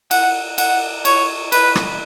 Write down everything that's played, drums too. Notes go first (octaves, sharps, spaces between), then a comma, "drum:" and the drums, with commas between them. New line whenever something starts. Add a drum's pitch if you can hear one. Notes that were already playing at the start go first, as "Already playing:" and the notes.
F#5, drum: cymbal
F#5, drum: cymbal
C#5, drum: cymbal
B4, drum: cymbal
drum: rim click